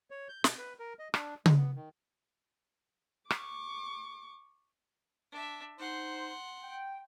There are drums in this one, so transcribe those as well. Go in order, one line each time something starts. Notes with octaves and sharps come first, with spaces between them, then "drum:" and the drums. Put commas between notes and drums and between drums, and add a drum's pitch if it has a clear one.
C#5
G6
B2, drum: snare
B4
A#4
D#5
D4, drum: rim click
G#3, drum: tom C#3
B3
D#3
C#6 D6, drum: rim click
D4 E5
D#4 C5 F#5 C6
G5